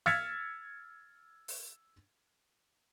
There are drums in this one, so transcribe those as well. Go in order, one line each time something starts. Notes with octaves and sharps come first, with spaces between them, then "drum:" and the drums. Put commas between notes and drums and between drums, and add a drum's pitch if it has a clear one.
E6 F6 G#6 A6 B6 C#7, drum: snare
drum: open hi-hat